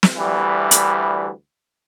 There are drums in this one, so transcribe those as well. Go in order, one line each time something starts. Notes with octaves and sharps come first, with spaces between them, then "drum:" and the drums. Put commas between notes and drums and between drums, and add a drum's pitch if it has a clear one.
drum: snare
D2 E3 G3
drum: hi-hat